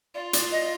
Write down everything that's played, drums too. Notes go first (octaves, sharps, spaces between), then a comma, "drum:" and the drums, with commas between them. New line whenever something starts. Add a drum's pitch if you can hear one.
F4 D5
D5, drum: hi-hat
D#5